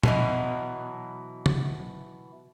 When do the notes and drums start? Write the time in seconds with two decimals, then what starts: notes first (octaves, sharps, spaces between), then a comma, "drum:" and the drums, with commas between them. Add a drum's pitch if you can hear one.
0.03 B2 D#3 E3 F#3 C#5 D#5, drum: tom
1.46 drum: tom